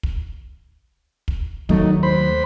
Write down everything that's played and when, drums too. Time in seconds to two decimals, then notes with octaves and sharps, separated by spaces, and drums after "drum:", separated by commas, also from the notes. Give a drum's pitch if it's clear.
0.03 drum: kick
1.28 drum: kick
1.69 D#2 F#3 A3 D#4, drum: kick
2.03 C5 B5